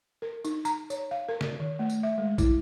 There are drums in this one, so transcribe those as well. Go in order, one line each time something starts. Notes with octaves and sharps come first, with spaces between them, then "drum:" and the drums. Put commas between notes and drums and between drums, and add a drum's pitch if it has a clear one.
A#4
D#4, drum: tambourine
A#5, drum: tambourine
C#5, drum: tambourine
F5
A#4
drum: snare
D#3
A3
drum: tambourine
E5
G#3
E4, drum: kick A#1, tambourine